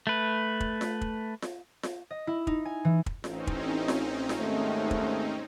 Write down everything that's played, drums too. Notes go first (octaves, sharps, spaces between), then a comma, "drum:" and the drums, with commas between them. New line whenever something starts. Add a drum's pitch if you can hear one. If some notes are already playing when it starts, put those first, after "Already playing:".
A3 B4
drum: kick
drum: snare F4
drum: kick
drum: snare F4
drum: snare F4
D#5
E4
D#4, drum: kick
G#5
E3
drum: kick
A1 C4 C#4 D#4, drum: snare F4
drum: kick
drum: snare F4
drum: snare F4
D#2 G#2 A3
drum: kick